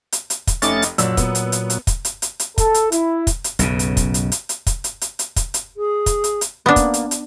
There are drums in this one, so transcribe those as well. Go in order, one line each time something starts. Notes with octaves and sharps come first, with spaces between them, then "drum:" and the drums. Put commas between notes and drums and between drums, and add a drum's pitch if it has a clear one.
drum: hi-hat
drum: hi-hat
drum: kick, hi-hat
F1 A3 C#4 D#4 D6 A6, drum: hi-hat
drum: hi-hat
F#1 A#2 F#3 D5 E6, drum: hi-hat
B3, drum: kick, hi-hat
drum: hi-hat
drum: hi-hat
drum: hi-hat
drum: kick, hi-hat
drum: hi-hat
drum: hi-hat
drum: hi-hat
A4, drum: kick, hi-hat
drum: hi-hat
E4, drum: hi-hat
drum: kick, hi-hat
drum: hi-hat
B1 F#2 C#3, drum: hi-hat
drum: hi-hat
drum: kick, hi-hat
drum: hi-hat
drum: hi-hat
drum: hi-hat
drum: kick, hi-hat
drum: hi-hat
drum: hi-hat
drum: hi-hat
drum: kick, hi-hat
drum: hi-hat
G#4
drum: kick, hi-hat
drum: hi-hat
drum: hi-hat
A#3 B3 D4
drum: kick, hi-hat
drum: hi-hat
drum: hi-hat